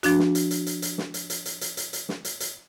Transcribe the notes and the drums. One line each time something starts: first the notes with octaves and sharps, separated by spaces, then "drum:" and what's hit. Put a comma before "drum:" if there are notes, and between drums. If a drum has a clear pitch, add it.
F3 D4 F#4, drum: hi-hat
drum: snare
drum: hi-hat
drum: hi-hat
drum: hi-hat
drum: hi-hat
drum: snare
drum: hi-hat
drum: hi-hat
drum: hi-hat
drum: hi-hat
drum: hi-hat
drum: hi-hat
drum: snare
drum: hi-hat
drum: hi-hat